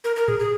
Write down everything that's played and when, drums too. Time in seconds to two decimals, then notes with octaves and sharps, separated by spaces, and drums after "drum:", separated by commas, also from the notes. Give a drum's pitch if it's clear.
0.04 A#4
0.16 A#4
0.28 G#4, drum: tom G#2
0.39 G#4